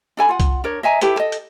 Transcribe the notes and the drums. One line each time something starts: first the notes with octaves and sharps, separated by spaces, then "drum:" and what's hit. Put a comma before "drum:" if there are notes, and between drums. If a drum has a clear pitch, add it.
D4 A4 G#5 B5
F4 F#5
drum: kick C2, hi-hat
D4 A#4 C#5
D#5 E5 G#5 A#5
E4 G4 A4 B4, drum: hi-hat
A4 D#5
drum: hi-hat